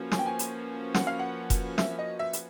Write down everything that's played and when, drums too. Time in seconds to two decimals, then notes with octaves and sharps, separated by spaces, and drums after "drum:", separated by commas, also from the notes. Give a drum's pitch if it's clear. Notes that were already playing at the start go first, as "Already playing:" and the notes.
Already playing: F3 A#3 C#4 F#4 B4
0.12 G#5, drum: snare
0.19 G5
0.26 G#5
0.39 drum: hi-hat
0.94 F#5, drum: snare
1.07 F5
1.19 F#5
1.50 drum: kick F1, hi-hat
1.78 E5, drum: snare
1.99 D#5
2.19 E5
2.33 drum: hi-hat